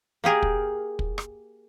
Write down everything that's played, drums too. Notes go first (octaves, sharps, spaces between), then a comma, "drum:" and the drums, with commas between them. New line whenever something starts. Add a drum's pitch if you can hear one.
A#3 G4 G#4 A#4
drum: kick
drum: kick
drum: rim click